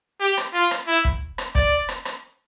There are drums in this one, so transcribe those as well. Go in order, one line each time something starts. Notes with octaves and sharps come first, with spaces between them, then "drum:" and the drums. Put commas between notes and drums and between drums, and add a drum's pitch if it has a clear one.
G4
drum: rim click
F4
drum: rim click
E4
drum: kick
drum: rim click
D5, drum: kick
drum: rim click
drum: rim click